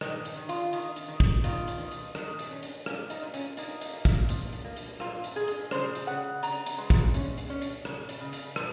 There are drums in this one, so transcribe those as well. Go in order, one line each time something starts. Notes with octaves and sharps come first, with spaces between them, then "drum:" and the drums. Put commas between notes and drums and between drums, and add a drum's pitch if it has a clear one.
D#3 D#4, drum: rim click
drum: hi-hat
D#3
F4, drum: hi-hat
D#3, drum: hi-hat
drum: hi-hat
D#3
drum: kick
D#3 F4, drum: hi-hat
drum: hi-hat
D#3
drum: hi-hat
D#3, drum: rim click
drum: hi-hat
C#4
drum: hi-hat
A#3 C#4, drum: rim click
D#4, drum: hi-hat
A#2
C#4, drum: hi-hat
A#3 D#4, drum: hi-hat
drum: hi-hat
A#3
drum: kick, hi-hat
F3, drum: hi-hat
drum: hi-hat
A#3
drum: hi-hat
A#2 F4, drum: rim click
drum: hi-hat
A#2 G#4
drum: hi-hat
C#3 C5, drum: rim click
drum: hi-hat
C#3 F#5
C#3 A#5, drum: hi-hat
drum: hi-hat
G#3
drum: kick, hi-hat
C#4, drum: hi-hat
drum: hi-hat
C#4
drum: hi-hat
C#3, drum: rim click
drum: hi-hat
C#3
drum: hi-hat
F3, drum: rim click